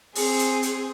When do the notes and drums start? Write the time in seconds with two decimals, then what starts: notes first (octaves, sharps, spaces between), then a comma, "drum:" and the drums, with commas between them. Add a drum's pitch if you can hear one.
0.15 C4 G#4, drum: open hi-hat
0.39 drum: hi-hat
0.63 drum: hi-hat